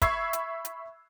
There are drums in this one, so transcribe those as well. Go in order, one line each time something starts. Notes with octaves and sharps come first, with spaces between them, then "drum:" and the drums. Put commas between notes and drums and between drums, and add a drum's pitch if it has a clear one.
E5 B5 C#6 E6 G#6 C7, drum: kick, hi-hat
drum: hi-hat
drum: hi-hat